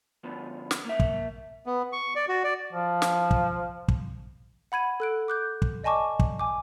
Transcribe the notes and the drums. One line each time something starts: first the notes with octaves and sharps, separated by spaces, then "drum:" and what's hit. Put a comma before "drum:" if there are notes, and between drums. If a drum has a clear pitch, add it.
D3 F3 B3
drum: snare
A#3 E5
drum: kick
B3
C#6
D5
F#4
D5
F3
drum: snare
drum: kick
drum: kick
F#5 B5 G#6 D#7
A4 F#6 D7
D6 F#6 G6
drum: kick
D5 D#5 G#5 A5 C#6 D6
drum: kick
G#5 D6